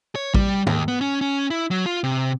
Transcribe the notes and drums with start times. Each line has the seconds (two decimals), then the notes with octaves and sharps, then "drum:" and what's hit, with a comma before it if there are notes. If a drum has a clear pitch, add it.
0.15 C#5
0.34 G3, drum: kick A1
0.67 D#2, drum: tom
0.88 B3
1.01 C#4
1.21 C#4
1.50 E4
1.71 F#3
1.86 F4
2.04 C3